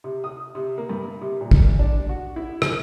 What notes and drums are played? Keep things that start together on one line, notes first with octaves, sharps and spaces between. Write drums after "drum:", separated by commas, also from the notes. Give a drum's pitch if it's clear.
C3
D#6
C3
A#3
G2
C3
A#2
drum: kick
D4
F#4
E4
D#2, drum: rim click